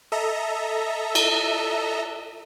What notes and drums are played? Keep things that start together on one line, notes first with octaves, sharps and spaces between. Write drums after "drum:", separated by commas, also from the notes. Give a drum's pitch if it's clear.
A4 D#5 E5 A#5
drum: cymbal